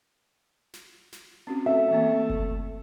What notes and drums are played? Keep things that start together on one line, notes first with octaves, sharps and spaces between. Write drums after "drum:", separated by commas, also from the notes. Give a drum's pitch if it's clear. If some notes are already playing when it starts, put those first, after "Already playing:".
drum: snare
drum: snare
C4 C#4 F#4
A3 E5
E3 A#3 C4
drum: kick F#1